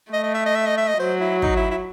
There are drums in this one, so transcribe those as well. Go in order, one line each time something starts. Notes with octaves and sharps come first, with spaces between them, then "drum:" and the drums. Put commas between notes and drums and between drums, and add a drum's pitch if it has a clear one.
A3 D#5
D#5
E5
D#5
E5
D#5
E5
D#5
F#3 C5
E4
D#4, drum: kick
E4
E4